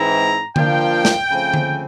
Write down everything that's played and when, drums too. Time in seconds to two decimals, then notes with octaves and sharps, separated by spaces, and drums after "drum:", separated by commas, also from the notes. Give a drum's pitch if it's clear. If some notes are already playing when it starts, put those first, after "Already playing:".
Already playing: G#2 E3 G#3 C4 E4 A#5
0.56 F3 A#3 D4 F4 G5, drum: tom D3
1.05 drum: snare
1.29 C#3 F3 A3 C4
1.54 drum: tom D3